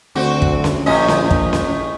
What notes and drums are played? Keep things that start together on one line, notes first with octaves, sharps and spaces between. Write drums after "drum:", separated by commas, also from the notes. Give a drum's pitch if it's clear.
D2 C4 F#4
drum: kick
drum: snare C#4
A#1 A2 C#4 D#5
drum: snare C#4
drum: kick
drum: snare C#4